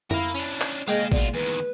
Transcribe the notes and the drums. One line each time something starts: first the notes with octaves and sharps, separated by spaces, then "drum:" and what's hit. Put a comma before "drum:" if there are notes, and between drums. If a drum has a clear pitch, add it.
E4 A#4 F5, drum: tom F2
C#4 D4, drum: tambourine
drum: clap
G#3 A#3 G#4 D#5 F5 G5, drum: tambourine
B2 F4 D5, drum: kick
E2 D#3 B4